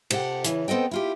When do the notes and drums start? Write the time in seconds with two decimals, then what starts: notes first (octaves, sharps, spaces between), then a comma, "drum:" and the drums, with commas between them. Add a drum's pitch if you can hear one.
0.10 C3 G4 A4 D5 F#5, drum: cymbal
0.44 C#3 E3, drum: hi-hat
0.68 B3 C4 A4 D#5 G5
0.91 E4 F4 G4